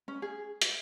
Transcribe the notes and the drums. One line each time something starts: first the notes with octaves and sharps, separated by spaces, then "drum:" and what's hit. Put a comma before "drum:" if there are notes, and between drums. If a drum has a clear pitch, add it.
C#4
G#4
E5, drum: hi-hat